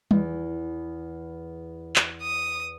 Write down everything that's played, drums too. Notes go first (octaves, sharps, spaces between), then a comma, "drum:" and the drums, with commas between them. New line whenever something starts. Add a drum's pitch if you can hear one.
E2, drum: tom G3
drum: clap
D#6